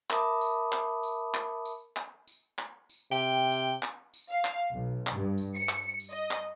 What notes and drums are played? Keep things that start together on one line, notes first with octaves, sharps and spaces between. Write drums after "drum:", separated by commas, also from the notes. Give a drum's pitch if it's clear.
A#4 E5 A5 B5 D6 D#6, drum: clap
drum: tambourine
drum: clap
drum: tambourine
drum: clap
drum: tambourine
drum: clap
drum: tambourine
drum: clap
drum: tambourine
C3 G5
drum: tambourine
drum: clap
drum: tambourine
F5
drum: clap
B1
drum: clap
G2
drum: tambourine
C#7
drum: clap
drum: tambourine
D#5
drum: clap